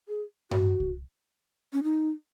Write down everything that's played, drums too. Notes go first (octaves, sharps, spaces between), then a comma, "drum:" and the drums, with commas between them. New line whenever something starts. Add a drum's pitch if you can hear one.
G#4
F#4, drum: tom G2
drum: kick C2
C#4
D#4